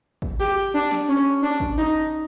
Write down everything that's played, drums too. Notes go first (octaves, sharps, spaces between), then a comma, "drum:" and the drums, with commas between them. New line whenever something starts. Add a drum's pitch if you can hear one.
drum: kick
G4
D4
drum: snare
C#4
D4
drum: kick
D#4